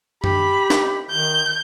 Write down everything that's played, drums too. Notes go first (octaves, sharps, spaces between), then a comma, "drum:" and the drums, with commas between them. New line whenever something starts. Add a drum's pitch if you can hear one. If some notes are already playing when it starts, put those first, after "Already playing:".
G4 B5, drum: tom F#2
drum: snare
D#3 G6